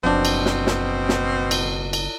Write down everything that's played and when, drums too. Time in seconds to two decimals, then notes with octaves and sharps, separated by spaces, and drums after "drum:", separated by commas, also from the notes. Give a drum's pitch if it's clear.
0.04 F#1 B2 F3 C4 D4
0.25 drum: cymbal
0.46 drum: snare
0.67 drum: snare
1.09 drum: snare
1.51 drum: cymbal
1.93 drum: cymbal